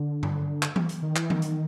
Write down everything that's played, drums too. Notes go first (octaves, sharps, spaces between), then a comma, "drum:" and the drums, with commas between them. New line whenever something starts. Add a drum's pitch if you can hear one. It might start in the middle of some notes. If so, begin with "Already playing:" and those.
Already playing: D3
drum: tom G2
drum: clap
drum: tom E3
drum: hi-hat
D#3
E3, drum: clap
D#3, drum: tom E3
drum: hi-hat